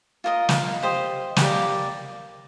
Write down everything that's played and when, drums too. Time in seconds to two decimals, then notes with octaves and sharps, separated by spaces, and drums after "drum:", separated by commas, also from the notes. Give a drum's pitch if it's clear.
0.24 F4 A#4 D#5
0.49 G5, drum: snare
0.54 F5
0.82 G4 C5 D#5
1.36 G5, drum: snare
1.41 G4 A#4 D5 F5